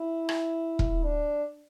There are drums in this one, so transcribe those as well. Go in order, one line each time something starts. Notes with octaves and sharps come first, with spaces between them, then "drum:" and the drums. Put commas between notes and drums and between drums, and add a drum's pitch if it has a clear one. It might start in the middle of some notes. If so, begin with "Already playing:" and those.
Already playing: E4
drum: rim click
drum: kick E1
D4